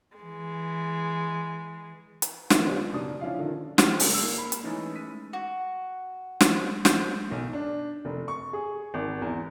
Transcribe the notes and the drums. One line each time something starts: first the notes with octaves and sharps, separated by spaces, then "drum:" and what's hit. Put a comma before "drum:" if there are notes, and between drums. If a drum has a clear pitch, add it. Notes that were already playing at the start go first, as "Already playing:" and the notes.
E3 G#3
drum: hi-hat
D#3 B3 E4, drum: snare
G3 B3 C#4 D4 F4 G4
D4
F#1 B2 D5 D#6
F3 C#4 D4 E4 F4 F5
D3 D#3 F3
D3 F4 G4 F6, drum: snare
C#3 B3, drum: open hi-hat
A#3 E6
B5
drum: hi-hat
E3 G#3 A3 C#4 D#4
B5 B6 D#7
F#4
drum: snare
G6, drum: snare
B1
D4
F1
C#6
G#4
G#1
E2